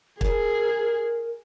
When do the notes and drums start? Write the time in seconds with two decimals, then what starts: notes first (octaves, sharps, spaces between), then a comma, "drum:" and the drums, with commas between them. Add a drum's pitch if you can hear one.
0.21 G#4 A#4, drum: kick